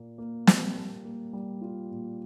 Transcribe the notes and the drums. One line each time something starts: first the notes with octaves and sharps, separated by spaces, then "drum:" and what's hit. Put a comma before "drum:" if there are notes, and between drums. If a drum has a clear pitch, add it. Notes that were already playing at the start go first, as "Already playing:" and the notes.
Already playing: A#2 A#3
A#3
G3, drum: snare
A#3
A#3
G3
F4
A#2